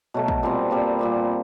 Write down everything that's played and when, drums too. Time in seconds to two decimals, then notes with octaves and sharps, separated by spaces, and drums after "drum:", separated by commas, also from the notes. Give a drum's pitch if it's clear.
0.14 B2 F#3 A3
0.28 drum: kick
0.43 A#2 G3 C4
0.71 A#2 G3 C4
0.99 A#2 G3 C4